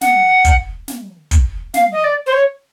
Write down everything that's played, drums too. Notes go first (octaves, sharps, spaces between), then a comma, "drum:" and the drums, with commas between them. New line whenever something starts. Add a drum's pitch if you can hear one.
F#5, drum: snare
drum: kick, hi-hat
drum: snare
drum: kick, hi-hat
F5, drum: snare
D#5
D5
C5
C#5